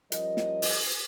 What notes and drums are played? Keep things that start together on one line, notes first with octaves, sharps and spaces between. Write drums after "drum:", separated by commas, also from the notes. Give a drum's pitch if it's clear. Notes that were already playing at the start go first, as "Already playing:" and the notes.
F3 G3 C#4 A#4 D#5, drum: hi-hat
drum: snare
drum: open hi-hat